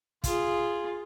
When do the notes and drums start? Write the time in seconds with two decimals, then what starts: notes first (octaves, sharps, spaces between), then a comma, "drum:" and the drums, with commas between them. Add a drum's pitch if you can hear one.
0.24 F4 G#4, drum: kick, hi-hat